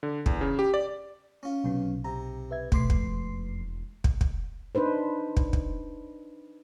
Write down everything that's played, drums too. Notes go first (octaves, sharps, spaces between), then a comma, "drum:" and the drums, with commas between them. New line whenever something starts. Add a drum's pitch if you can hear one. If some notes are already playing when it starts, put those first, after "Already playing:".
D3
E2, drum: kick
C#3
G4
D5
C#4 F4
B1 C3 F#3 B3
C3 A#5
B4 E5 G#6
E1 B2 A3 B4 C6 D6 C7, drum: kick
F2, drum: kick
drum: kick
drum: kick
D4 D#4 B4 C5
drum: kick
drum: kick